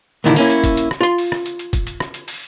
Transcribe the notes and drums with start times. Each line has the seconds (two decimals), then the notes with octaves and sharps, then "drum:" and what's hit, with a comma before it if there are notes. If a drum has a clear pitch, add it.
0.24 C2 A#2 D3 D#3 E4
0.36 A#3 C#4 E4, drum: hi-hat
0.50 drum: hi-hat
0.64 drum: kick, hi-hat
0.77 drum: hi-hat
0.91 drum: rim click
1.01 F4 C6
1.18 drum: open hi-hat
1.32 drum: rim click
1.46 drum: hi-hat
1.59 drum: hi-hat
1.73 drum: kick, hi-hat
1.87 drum: hi-hat
2.00 drum: rim click
2.14 drum: hi-hat
2.28 drum: open hi-hat